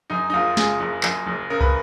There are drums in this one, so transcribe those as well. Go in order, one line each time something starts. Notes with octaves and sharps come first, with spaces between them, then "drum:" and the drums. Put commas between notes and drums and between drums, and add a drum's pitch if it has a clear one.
F#2 D#4
D#4
F#1 F4
C#3 G#4, drum: snare
F#1
F#2, drum: clap
F#1
C#3 A#4
B4, drum: kick